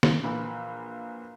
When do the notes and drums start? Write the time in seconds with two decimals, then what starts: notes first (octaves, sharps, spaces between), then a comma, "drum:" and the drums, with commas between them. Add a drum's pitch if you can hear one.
0.03 drum: snare
0.24 A#1 E3 B5